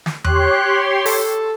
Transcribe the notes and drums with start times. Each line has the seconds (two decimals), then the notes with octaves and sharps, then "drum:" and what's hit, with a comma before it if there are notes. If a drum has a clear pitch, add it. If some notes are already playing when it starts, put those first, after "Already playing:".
0.06 drum: snare
0.24 G4 C#5 C6 F#6, drum: tom E2
1.06 A4, drum: open hi-hat